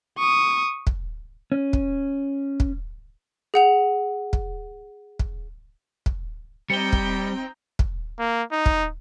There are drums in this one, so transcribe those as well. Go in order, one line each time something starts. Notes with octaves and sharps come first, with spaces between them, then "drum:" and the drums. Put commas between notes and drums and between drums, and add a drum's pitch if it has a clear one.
C#6 D#6
drum: kick
C#4
drum: kick
drum: kick
G#4 F#5 F7
drum: kick
drum: kick
drum: kick
G3 C4 D#4 G5 C#7 G7
drum: kick
drum: kick
A#3
D#4
drum: kick